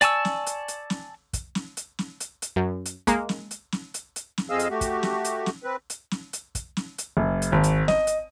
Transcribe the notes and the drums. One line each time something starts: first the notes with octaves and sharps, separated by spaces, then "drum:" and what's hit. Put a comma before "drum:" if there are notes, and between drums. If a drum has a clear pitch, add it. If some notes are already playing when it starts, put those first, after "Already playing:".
D5 G#5 A5 C#6 E6, drum: hi-hat
drum: snare
drum: hi-hat
drum: hi-hat
drum: snare
drum: kick, hi-hat
drum: snare
drum: hi-hat
drum: snare
drum: hi-hat
drum: hi-hat
F#2
drum: hi-hat
G#3 A#3, drum: kick, hi-hat
drum: snare
drum: hi-hat
drum: snare
drum: hi-hat
drum: hi-hat
drum: snare
F2 C4 G#4 D#5 F5 E6
drum: hi-hat
A3 F#4 G4
drum: kick, hi-hat
drum: snare
drum: hi-hat
drum: snare
C4 B4
drum: hi-hat
drum: snare
drum: hi-hat
drum: kick, hi-hat
drum: snare
drum: hi-hat
F#1
drum: hi-hat
G#1
drum: hi-hat
D#5, drum: snare
drum: hi-hat